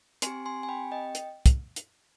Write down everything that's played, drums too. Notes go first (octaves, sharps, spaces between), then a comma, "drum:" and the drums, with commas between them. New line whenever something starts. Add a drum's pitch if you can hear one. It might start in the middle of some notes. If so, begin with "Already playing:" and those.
C4 G4 G#5 C6, drum: hi-hat
G#5 C6
G#5
G5 B5
D#5 G5
drum: hi-hat
drum: kick, hi-hat
drum: hi-hat